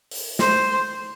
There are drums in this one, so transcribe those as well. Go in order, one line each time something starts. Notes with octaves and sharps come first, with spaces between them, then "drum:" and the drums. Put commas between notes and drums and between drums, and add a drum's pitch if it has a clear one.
drum: open hi-hat
C5, drum: snare